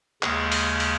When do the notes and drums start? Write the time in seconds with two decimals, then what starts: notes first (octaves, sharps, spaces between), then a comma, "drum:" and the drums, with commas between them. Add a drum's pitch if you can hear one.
0.23 D#2 C#3 G#3 G#4, drum: clap
0.52 drum: open hi-hat
0.80 drum: open hi-hat